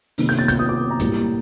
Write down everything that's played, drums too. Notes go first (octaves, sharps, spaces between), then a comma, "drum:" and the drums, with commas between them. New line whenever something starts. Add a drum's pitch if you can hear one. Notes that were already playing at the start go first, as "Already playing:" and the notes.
C3 D#3 A#3, drum: open hi-hat
G6
A6
G6, drum: kick, hi-hat
D#6
D6
A#5
A2 G3 A#3, drum: kick, hi-hat